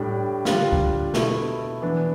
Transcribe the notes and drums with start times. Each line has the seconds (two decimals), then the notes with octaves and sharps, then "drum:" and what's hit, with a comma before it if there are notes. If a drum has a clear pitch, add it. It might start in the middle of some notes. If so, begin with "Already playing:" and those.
Already playing: A2 G3 D4
0.45 D3 G3 D4 F4, drum: snare
0.72 drum: kick C2
1.14 B2 A3 E4, drum: snare
1.82 E3 B3 D4